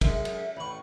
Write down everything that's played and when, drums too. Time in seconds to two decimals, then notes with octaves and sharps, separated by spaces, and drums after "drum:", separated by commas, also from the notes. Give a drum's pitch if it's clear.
0.01 F#2 G#3 E5, drum: kick, cymbal
0.25 drum: cymbal
0.57 A1 B5 C#6